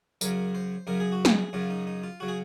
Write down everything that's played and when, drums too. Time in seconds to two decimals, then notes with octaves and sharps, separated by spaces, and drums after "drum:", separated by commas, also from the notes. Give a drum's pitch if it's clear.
0.21 F#2 C#3 F#3 A#4, drum: tambourine
0.55 C5
0.87 F#2 C#3 F#3 A#4
1.00 G#4
1.12 F#4
1.25 G#4, drum: snare
1.53 F#2 C#3 F#3 F4
1.70 D#4
1.87 D#4
2.03 F4
2.20 C#3 F#3 F#4
2.28 G#4